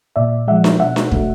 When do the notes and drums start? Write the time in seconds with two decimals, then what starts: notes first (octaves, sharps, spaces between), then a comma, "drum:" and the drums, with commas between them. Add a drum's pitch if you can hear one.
0.16 A#2 D5 E5
0.48 F3 G#3 E5 F#5
0.64 drum: snare D4
0.80 B2 E5 F#5
0.96 drum: snare D4
1.11 F#3 A3, drum: kick